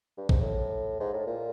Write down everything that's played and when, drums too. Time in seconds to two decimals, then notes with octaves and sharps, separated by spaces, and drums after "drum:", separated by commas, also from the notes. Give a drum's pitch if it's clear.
0.17 G2
0.29 G#2, drum: kick A#1
0.41 A2
1.00 G#2
1.13 A2
1.27 A#2